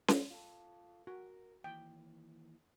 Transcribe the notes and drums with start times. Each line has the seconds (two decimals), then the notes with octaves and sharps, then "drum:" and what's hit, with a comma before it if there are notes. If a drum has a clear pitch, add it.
0.08 drum: snare C#4
0.31 F4 A4
1.07 F#4 A#4
1.64 D#2 E3 G5